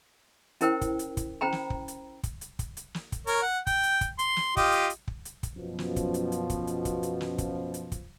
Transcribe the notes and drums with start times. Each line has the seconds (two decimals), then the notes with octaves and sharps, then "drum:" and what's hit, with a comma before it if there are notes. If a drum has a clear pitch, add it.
0.61 C#4 E4 A#4 C5 C#5 G5, drum: hi-hat
0.81 drum: kick, hi-hat
0.99 drum: hi-hat
1.17 drum: kick, hi-hat
1.41 C#4 C5 G5 A#5 B5
1.52 drum: snare
1.70 drum: kick
1.88 drum: hi-hat
2.23 drum: kick, hi-hat
2.41 drum: hi-hat
2.59 drum: kick, hi-hat
2.77 drum: hi-hat
2.94 drum: snare
3.12 drum: kick, hi-hat
3.27 A#4 C#5, drum: hi-hat
3.42 F#5
3.67 G5, drum: kick, hi-hat
3.83 drum: hi-hat
4.01 drum: kick, hi-hat
4.19 C6, drum: hi-hat
4.37 drum: snare
4.57 F4 G4 D#5, drum: kick, hi-hat
4.72 drum: hi-hat
4.90 drum: hi-hat
5.08 drum: kick
5.25 drum: hi-hat
5.43 drum: kick, hi-hat
5.56 F#2 B2 F3
5.79 drum: snare
5.96 drum: kick, hi-hat
6.14 drum: hi-hat
6.32 drum: hi-hat
6.50 drum: kick, hi-hat
6.67 drum: hi-hat
6.85 drum: kick, hi-hat
7.03 drum: hi-hat
7.21 drum: snare
7.38 drum: kick, hi-hat
7.74 drum: hi-hat
7.92 drum: kick, hi-hat